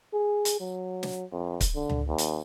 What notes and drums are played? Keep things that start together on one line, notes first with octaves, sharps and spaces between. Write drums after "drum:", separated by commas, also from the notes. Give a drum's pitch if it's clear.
G#4
drum: hi-hat
F#3
drum: snare
F2
drum: kick C#1, hi-hat
D3
drum: tom C#2
D#2
drum: hi-hat